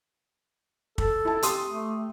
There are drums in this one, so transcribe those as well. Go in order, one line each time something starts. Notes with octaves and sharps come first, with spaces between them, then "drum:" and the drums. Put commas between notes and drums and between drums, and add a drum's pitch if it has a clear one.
A4, drum: kick
E4 A5
G4 C6 D#6, drum: hi-hat
A3